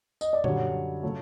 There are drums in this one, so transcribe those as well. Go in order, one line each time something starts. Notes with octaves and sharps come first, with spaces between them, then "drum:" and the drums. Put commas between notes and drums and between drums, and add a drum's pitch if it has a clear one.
D#5, drum: tambourine
D5
F#2 D3 G3 C#5, drum: tom A#2
C#3 F#3 A3